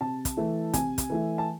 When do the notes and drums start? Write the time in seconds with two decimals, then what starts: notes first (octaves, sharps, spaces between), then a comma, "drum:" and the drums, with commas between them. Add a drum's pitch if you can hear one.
0.01 C3 A5
0.25 drum: kick, hi-hat
0.37 E3 A3 E4
0.73 C3 G#5, drum: kick, hi-hat
0.98 drum: kick, hi-hat
1.10 E3 A3 E4
1.38 A5